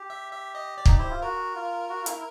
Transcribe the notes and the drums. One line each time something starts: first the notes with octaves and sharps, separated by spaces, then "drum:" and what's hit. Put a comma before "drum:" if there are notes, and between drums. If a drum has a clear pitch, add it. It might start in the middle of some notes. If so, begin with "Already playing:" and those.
Already playing: G4
E5
E5
D#5
D5
D#4, drum: kick
E4 C5
F4
F#4 A#4
F4
F#4
F4
E4, drum: hi-hat